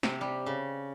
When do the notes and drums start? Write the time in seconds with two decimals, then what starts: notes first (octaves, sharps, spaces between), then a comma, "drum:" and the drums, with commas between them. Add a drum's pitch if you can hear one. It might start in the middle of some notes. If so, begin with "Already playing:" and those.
0.03 C3, drum: snare
0.21 G3
0.46 C#3